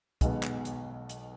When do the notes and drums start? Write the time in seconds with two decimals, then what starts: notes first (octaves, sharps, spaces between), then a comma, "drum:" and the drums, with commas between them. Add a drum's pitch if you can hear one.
0.21 B1 B2 G#3 B3, drum: kick, hi-hat
0.43 drum: clap
0.65 drum: hi-hat
1.09 drum: hi-hat